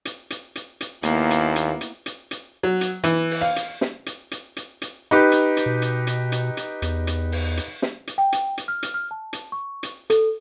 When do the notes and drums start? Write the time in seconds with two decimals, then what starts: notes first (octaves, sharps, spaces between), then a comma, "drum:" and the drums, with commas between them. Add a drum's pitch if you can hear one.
0.05 drum: hi-hat
0.30 drum: hi-hat
0.55 drum: hi-hat
0.81 drum: hi-hat
1.03 D#2 A#3 B3 E4, drum: hi-hat
1.31 drum: hi-hat
1.56 drum: hi-hat
1.81 drum: hi-hat
2.06 drum: hi-hat
2.31 drum: hi-hat
2.63 F#3
2.81 drum: hi-hat
3.04 E3, drum: hi-hat
3.31 drum: open hi-hat
3.41 F5
3.56 drum: hi-hat
3.81 drum: snare
4.06 drum: hi-hat
4.31 drum: hi-hat
4.57 drum: hi-hat
4.82 drum: hi-hat
5.11 D#4 G4 B4
5.32 drum: hi-hat
5.57 drum: hi-hat
5.66 B2
5.82 drum: hi-hat
6.07 drum: hi-hat
6.32 drum: hi-hat
6.57 drum: hi-hat
6.82 E2, drum: hi-hat
7.07 drum: hi-hat
7.32 drum: open hi-hat
7.57 drum: hi-hat
7.82 drum: snare
8.07 drum: hi-hat
8.18 G5
8.32 drum: hi-hat
8.58 drum: hi-hat
8.68 F6
8.83 drum: hi-hat
8.94 F6
9.11 A5
9.33 drum: hi-hat
9.52 C#6
9.83 drum: hi-hat
10.10 A4, drum: hi-hat